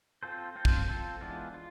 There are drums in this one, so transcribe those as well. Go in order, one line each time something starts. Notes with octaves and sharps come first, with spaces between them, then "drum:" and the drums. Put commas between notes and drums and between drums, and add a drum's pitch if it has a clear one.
C4 F4 A4 C5
C4 F4 A4 C5
drum: kick
C4 F4 A4 C5
E3 G#3 B3 D4 F4
F4